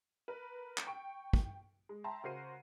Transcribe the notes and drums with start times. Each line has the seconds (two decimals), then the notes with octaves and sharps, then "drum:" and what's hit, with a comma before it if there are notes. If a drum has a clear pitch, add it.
0.28 A#4 B4
0.78 drum: clap
0.87 G5 C#6 D7
1.33 drum: kick
1.89 G#3
2.04 E5 G5 A5 A#5 C6
2.23 C#3 F#4 A#4 C5 C7 D#7